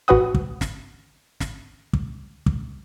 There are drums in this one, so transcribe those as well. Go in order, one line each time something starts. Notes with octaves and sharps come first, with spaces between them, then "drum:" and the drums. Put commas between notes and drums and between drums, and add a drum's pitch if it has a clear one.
A1 F#4 B4 F#5 D#6
drum: kick
drum: snare
drum: snare
drum: kick
drum: kick